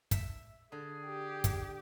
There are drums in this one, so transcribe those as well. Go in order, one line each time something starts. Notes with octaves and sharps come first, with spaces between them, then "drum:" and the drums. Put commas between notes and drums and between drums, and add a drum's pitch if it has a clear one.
E5, drum: kick, hi-hat
D3 G#4
G4
drum: kick, hi-hat